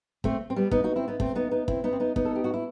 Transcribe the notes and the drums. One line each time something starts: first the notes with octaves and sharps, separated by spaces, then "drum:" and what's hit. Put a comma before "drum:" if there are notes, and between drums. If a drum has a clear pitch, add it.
A3 C4, drum: kick
C4
G3 B3
B3 D#4, drum: kick
D#4 F#4
C4 E4
B3 D#4
A3 C4, drum: kick
B3 D#4
B3 D#4
C4 E4, drum: kick
B3 D#4
C4
B3 D#4
B3 D#4, drum: kick
A4
G4
F#4
E4